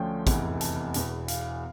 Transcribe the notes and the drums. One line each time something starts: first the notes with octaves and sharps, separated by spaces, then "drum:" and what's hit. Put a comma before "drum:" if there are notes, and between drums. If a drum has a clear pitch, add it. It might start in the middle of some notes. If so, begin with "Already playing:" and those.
Already playing: D2 D3 F3 A3 C#4 G5
F1 E2 E3, drum: kick, hi-hat
A5, drum: hi-hat
E1 E2 E3, drum: hi-hat
F5, drum: hi-hat